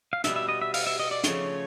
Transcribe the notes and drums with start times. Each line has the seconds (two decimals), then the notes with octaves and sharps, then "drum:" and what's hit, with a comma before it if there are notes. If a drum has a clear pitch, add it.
0.13 F5
0.24 B2 G3 B3 E5, drum: hi-hat
0.36 E5
0.49 D#5
0.62 E5
0.74 F5, drum: open hi-hat
0.87 E5
1.00 D#5
1.11 D5
1.24 C#3 F3 A3 C#5, drum: hi-hat